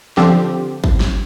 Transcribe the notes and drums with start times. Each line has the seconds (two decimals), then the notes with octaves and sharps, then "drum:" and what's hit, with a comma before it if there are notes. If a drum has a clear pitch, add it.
0.17 D3 F3 C4 G4, drum: snare
0.84 drum: kick
1.00 drum: snare